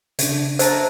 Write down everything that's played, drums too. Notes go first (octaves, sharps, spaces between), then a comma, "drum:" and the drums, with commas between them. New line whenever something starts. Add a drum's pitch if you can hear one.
C#3 D4, drum: hi-hat
C5 E5 A5 A#5, drum: hi-hat